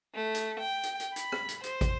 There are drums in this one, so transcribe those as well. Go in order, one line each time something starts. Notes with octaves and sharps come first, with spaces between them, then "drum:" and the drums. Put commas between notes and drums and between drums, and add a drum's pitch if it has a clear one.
A3
drum: hi-hat
G5
drum: hi-hat
drum: hi-hat
B5, drum: hi-hat
drum: rim click
drum: hi-hat
C5, drum: hi-hat
drum: kick, hi-hat